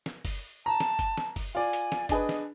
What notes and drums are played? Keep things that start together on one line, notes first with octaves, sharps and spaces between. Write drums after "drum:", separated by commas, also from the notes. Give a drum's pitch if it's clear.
drum: snare
drum: kick F#1, open hi-hat
A5 A#5
drum: snare
drum: kick F#1, hi-hat
drum: snare
drum: kick F#1, open hi-hat
F4 D5 G#5
drum: hi-hat
drum: snare
D4 G#4 B4 D#5, drum: kick F#1, hi-hat
drum: snare